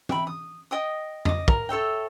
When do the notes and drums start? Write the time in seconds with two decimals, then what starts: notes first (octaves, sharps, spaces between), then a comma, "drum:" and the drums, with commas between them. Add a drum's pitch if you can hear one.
0.09 E5 G5 B5, drum: tom
0.27 D#6
0.71 D#5 G5 D#6
1.25 D#5 D6, drum: tom F2
1.48 A#4, drum: kick
1.69 A4 C#5 E5 G5